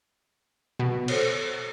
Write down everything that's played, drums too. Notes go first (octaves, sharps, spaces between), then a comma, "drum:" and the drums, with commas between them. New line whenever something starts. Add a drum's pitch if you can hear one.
B2
A4 C5 C#5, drum: cymbal